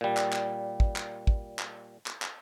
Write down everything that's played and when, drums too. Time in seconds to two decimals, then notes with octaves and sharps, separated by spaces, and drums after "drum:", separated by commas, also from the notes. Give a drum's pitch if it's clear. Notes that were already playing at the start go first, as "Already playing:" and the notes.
0.01 A#2 G3
0.17 drum: clap
0.33 drum: clap
0.80 drum: kick
0.96 drum: clap
1.27 drum: kick
1.59 drum: clap
2.06 drum: clap
2.22 drum: clap